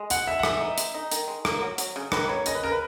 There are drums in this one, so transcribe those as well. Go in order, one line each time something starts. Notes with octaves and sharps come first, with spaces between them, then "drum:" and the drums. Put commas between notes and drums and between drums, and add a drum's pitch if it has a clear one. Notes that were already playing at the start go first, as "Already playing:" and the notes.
Already playing: G#3
B2 F#5, drum: hi-hat
B2 E5
F#5
E3 E5, drum: rim click
D#4
G#3, drum: hi-hat
D#4
D#3, drum: hi-hat
G#3
A#3, drum: rim click
F#3
F#3, drum: hi-hat
C#3
D#3 B4, drum: rim click
A#3 C#5
C#3 D#5, drum: hi-hat
B4
C#3 A#4
B4